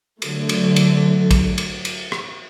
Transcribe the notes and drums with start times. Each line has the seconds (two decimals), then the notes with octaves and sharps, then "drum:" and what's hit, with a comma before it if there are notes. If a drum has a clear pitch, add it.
0.22 D3 F#3 A3, drum: cymbal
0.49 drum: cymbal
0.76 drum: cymbal
1.31 drum: kick A1, cymbal
1.58 drum: cymbal
1.85 drum: cymbal
2.12 drum: rim click